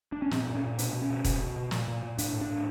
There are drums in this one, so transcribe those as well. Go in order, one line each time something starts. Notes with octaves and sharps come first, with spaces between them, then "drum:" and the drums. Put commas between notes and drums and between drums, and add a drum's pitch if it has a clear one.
D4
C#4
A#2 C4, drum: snare
A#2
C#4
A#2
B2 D4, drum: hi-hat
B2
C#4
B2
B2, drum: kick E1, hi-hat
B2
B2
A#2, drum: snare
A#2
A#2
A2 D4, drum: hi-hat
A2
D4
A2